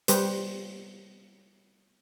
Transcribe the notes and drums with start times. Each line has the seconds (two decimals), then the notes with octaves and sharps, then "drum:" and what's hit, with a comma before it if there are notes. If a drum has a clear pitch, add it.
0.08 G3 G4 B4 C5, drum: hi-hat